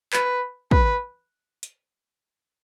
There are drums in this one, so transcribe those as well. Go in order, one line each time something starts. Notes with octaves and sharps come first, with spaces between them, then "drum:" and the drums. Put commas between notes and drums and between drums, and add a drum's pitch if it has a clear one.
B4, drum: clap
B4, drum: kick
drum: hi-hat